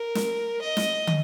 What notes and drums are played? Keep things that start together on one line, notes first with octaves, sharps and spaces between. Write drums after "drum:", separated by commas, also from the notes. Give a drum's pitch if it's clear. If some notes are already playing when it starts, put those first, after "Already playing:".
Already playing: A#4
drum: snare
D#5
drum: snare
drum: tom